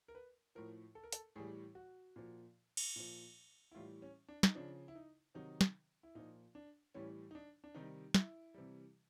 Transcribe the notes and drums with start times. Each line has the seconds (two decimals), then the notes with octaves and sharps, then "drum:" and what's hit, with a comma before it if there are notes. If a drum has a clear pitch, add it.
0.08 A#4
0.15 B4
0.55 A2 F3 A#4
0.95 A4
1.03 A#4
1.12 A4, drum: hi-hat
1.36 A2 E3 G3 G#4
1.75 F#4
2.16 A#2 F3
2.77 drum: cymbal
2.96 A#2 F3
3.71 E4
3.75 A2 E3 G3 F4
4.02 C#4
4.29 D4
4.43 D#4, drum: snare
4.55 C#3 F3 D4
4.88 E4
4.95 D#4
5.35 C3 D#3 F#3 D#4
5.61 drum: snare
6.03 E4
6.15 A#2 F3 D#4
6.55 D4
6.94 A2 E3 G3 C#4
7.31 D#4
7.35 D4
7.64 D4
7.75 C3 D#3 G3 D#4
8.14 E4, drum: snare
8.54 C3 E3 G3